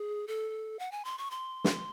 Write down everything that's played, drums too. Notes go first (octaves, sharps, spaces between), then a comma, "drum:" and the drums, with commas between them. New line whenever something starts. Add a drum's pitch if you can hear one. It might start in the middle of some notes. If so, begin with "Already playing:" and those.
Already playing: G#4
A4
F#5
G#5
C6
C#6
C6
drum: snare